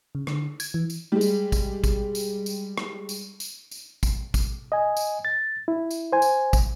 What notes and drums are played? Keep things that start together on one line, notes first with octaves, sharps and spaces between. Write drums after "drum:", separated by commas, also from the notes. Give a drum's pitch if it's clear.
C#3
D3, drum: rim click
G#6, drum: tambourine
E3
drum: tambourine
G3 G#3
drum: tambourine
drum: kick, tambourine
drum: kick, tambourine
drum: tambourine
drum: tambourine
drum: rim click
drum: tambourine
drum: tambourine
drum: tambourine
drum: kick, tambourine
drum: kick, tambourine
D#5 G#5
drum: tambourine
A6
E4
drum: tambourine
C5 G#5
drum: tambourine
drum: kick, tambourine